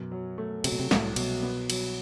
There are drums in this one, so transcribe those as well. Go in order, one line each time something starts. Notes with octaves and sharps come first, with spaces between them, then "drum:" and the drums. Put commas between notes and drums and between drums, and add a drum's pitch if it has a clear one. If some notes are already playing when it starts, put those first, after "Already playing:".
Already playing: F#2 B2
F#3
A3
C3 F#3, drum: cymbal
B2
C3
C2 A2, drum: snare
B2 F#3, drum: cymbal
B3
F#3, drum: cymbal